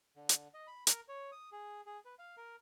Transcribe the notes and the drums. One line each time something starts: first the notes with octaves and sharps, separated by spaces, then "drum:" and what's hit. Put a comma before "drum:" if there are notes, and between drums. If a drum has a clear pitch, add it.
D3
drum: hi-hat
D#5
B5
A#4, drum: hi-hat
C#5
D#6
G#4
G#4
B4
F5
A#4